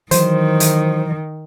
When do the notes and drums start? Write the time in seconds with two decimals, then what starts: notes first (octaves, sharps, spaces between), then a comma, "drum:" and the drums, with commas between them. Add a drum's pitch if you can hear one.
0.11 D#3 E3 F#3 C5, drum: hi-hat
0.60 drum: hi-hat